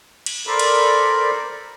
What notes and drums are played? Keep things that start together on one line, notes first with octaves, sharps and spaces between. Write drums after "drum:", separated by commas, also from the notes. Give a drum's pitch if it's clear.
drum: cymbal
A4 A#4 C5 D5 B5
drum: cymbal